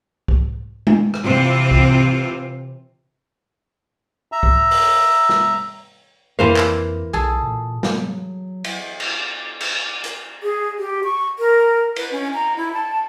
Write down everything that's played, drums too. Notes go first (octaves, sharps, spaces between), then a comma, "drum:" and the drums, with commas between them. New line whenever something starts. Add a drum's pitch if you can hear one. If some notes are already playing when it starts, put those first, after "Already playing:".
drum: kick C2
drum: tom G#3
drum: rim click
C3 E3 C4 F4
drum: kick C2
E5 A#5
drum: kick C2
drum: open hi-hat
drum: snare
F2 E3 A#3 C5 F5
drum: clap
B1 G#4 A4
A#2
F#3, drum: snare
drum: cymbal
drum: cymbal
drum: cymbal
drum: hi-hat
G#4
G4
C#6
A#4
B4, drum: cymbal
C#4
A#5
E4
A5